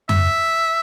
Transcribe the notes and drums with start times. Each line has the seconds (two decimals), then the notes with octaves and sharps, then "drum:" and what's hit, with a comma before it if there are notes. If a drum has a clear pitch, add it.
0.09 E5, drum: tom F2